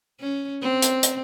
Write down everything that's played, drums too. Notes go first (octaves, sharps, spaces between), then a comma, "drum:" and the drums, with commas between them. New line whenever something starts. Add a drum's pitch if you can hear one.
C#4
C4
drum: hi-hat
drum: hi-hat